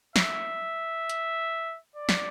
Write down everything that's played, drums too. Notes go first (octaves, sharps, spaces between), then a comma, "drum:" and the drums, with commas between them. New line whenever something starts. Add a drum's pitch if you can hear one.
E5, drum: snare
drum: hi-hat
D5
drum: snare